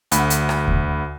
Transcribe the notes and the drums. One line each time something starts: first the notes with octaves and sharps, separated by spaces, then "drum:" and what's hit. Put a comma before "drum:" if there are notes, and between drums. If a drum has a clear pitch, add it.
D2 F#5 B5, drum: hi-hat
drum: hi-hat
drum: rim click
drum: kick D#2